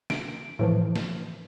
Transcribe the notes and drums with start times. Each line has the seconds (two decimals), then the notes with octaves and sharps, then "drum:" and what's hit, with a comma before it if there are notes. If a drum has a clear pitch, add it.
0.10 D7, drum: snare
0.59 A2 E3 F3
0.96 drum: snare